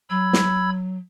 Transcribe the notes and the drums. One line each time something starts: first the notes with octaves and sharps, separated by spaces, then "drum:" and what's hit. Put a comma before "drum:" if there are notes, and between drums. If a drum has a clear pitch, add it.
F#3 B5 E6 G#6
drum: snare